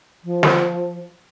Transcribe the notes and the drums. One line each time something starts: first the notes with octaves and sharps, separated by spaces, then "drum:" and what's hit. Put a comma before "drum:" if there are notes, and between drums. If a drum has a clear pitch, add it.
F3
drum: snare